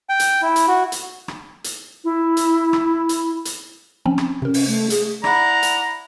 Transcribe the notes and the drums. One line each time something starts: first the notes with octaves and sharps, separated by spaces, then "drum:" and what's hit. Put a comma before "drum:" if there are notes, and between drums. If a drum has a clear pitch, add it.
G5
drum: hi-hat
E4
drum: hi-hat
F#4
drum: hi-hat
drum: rim click
drum: hi-hat
E4
drum: hi-hat
drum: rim click
drum: hi-hat
drum: hi-hat
F3 C4 C#4
drum: rim click
C3 C#4 A#4
drum: open hi-hat
A3
G#4, drum: hi-hat
E4 D5 F#5 A#5, drum: rim click
drum: hi-hat